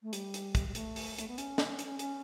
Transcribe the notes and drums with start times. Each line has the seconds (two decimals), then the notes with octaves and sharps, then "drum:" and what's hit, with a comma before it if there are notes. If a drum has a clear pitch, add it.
0.03 A3
0.13 G3, drum: hi-hat
0.34 drum: hi-hat
0.55 drum: kick, hi-hat
0.68 G3
0.75 A3, drum: hi-hat
0.96 drum: open hi-hat
1.18 A3, drum: hi-hat
1.28 B3
1.38 C#4, drum: hi-hat
1.58 drum: snare
1.79 drum: hi-hat
1.99 C#4, drum: hi-hat